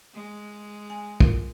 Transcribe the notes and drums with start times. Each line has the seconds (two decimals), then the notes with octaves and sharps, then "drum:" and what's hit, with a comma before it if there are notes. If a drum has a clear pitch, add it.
0.14 G#3
0.90 G#5
1.20 F4 A#4, drum: kick